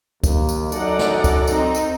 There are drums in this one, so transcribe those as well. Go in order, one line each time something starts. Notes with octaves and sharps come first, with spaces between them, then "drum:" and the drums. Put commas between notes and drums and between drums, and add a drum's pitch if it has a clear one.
D#2, drum: kick C#2, tambourine
drum: tambourine
F#2 F#3 D#4 A4 D5 F#5, drum: tambourine
drum: snare
drum: kick C#2, tambourine
C4 D#4, drum: tambourine
drum: tambourine